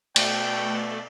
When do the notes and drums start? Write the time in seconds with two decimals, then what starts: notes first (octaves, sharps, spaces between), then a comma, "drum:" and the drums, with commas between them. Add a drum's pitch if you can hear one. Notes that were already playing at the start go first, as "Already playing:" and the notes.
0.16 B2 A3 D5 G5, drum: cymbal